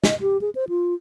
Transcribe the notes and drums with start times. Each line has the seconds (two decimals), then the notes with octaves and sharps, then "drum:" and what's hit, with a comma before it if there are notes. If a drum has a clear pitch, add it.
0.04 D#5, drum: snare
0.21 G4
0.41 G#4
0.55 C5
0.69 F4